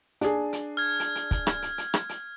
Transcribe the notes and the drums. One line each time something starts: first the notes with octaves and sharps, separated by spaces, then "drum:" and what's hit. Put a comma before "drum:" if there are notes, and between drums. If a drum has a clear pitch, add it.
D4 G#4, drum: hi-hat
drum: hi-hat
F6 G#6
drum: hi-hat
drum: hi-hat
drum: kick, hi-hat
drum: rim click
drum: hi-hat
drum: hi-hat
drum: rim click
drum: hi-hat